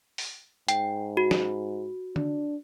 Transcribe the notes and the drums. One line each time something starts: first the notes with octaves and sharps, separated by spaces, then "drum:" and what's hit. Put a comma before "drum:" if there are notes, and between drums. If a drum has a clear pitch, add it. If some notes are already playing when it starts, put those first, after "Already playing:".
drum: open hi-hat
G#2 G5, drum: hi-hat
F#4
drum: snare
D4, drum: tom D3